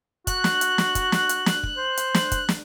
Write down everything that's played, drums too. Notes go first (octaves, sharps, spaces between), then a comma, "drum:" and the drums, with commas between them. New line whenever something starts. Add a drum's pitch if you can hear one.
F#4 F#6, drum: kick, hi-hat
drum: snare
drum: hi-hat
drum: snare
drum: kick, hi-hat
drum: snare
drum: hi-hat
drum: snare
drum: kick
C5
drum: hi-hat
drum: snare
drum: kick, hi-hat
drum: snare